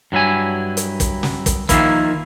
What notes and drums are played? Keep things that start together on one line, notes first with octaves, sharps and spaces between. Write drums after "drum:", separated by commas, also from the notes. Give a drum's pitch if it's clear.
G2 F#3 E4 G#5
drum: hi-hat
drum: kick, hi-hat
drum: snare
drum: kick, hi-hat
D#3 F3 A#3 E4, drum: kick, hi-hat